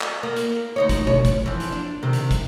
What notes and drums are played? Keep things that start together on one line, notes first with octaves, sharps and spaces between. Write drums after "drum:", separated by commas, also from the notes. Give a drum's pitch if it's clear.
drum: clap
A#3
drum: hi-hat
D2 D#4 C#5
drum: kick, hi-hat
C#5, drum: tom B2
drum: kick, hi-hat
E3 F3
drum: hi-hat
D4
F2 C3 D#3
drum: hi-hat
drum: kick, hi-hat